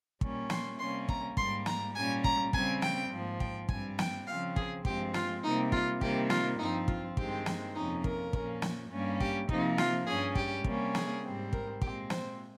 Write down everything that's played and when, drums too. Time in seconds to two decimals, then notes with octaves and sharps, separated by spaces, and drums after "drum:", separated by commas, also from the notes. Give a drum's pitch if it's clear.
0.21 A#2 G3 A#3 C#4, drum: kick
0.50 C6, drum: snare
0.79 C3 G3 A#3 C#4 C6
1.09 A#5, drum: kick
1.37 G#2 G3 A#3 C6, drum: kick
1.66 A#5, drum: snare
1.95 A#2 G3 C#4 G#5
2.24 A#5, drum: kick
2.53 C#3 G3 C4 G#5, drum: kick
2.82 G5, drum: snare
3.11 G#2 F3 A#3
3.40 G5, drum: kick
3.69 G2 G3 C4 G#5, drum: kick
3.99 G5, drum: snare
4.27 C#3 F3 C4 F5
4.56 G#4, drum: kick
4.85 G2 F3 G#3 C4 G4, drum: kick
5.14 F4, drum: snare
5.43 C3 G3 A#3 D#4
5.72 F4, drum: kick
6.01 C3 D#3 G3 A#3 G4, drum: kick
6.30 F4, drum: snare
6.59 G2 F3 C4 D#4
6.88 F4, drum: kick
7.17 G2 D#3 G#3 C4 G4, drum: kick
7.46 drum: snare
7.75 F2 C3 F3 A#3 C#4 D#4
8.04 A#4, drum: kick
8.33 A#2 F3 A#3 C#4, drum: kick
8.62 drum: snare
8.91 G2 G3 A#3 C#4
9.20 G4, drum: kick
9.49 C3 F3 A#3 D#4, drum: kick
9.78 F4, drum: snare
10.07 G2 G3 C#4 G#4
10.35 G4, drum: kick
10.64 C3 G3 A#3 C#4, drum: kick
10.95 G#4, drum: snare
11.23 G#2 G3 C4
11.53 A#4, drum: kick
11.82 A#2 G#3 C4 G4, drum: kick
12.10 C5, drum: snare